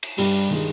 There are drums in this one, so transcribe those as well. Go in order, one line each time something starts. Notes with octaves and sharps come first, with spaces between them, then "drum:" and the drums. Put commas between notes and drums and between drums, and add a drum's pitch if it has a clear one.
drum: cymbal
G2 G3, drum: open hi-hat
D#3 G#3